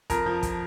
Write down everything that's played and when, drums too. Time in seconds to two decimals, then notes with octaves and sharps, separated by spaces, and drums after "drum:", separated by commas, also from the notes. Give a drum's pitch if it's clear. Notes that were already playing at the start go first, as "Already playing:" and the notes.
0.10 F2 A#4, drum: kick, hi-hat
0.26 F3
0.43 drum: kick, hi-hat